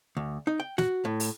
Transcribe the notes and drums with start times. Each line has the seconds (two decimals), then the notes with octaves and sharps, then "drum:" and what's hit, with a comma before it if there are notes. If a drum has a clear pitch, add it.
0.17 D2
0.47 D#4
0.60 G5
0.78 F#4, drum: snare
1.05 A2
1.20 drum: open hi-hat